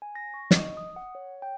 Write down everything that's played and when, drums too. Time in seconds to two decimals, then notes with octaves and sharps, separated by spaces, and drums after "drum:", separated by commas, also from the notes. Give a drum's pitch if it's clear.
0.02 G#5
0.15 A#6
0.34 C#6
0.51 D#5, drum: snare
0.77 D#6
0.96 F#5
1.15 C#5
1.42 G5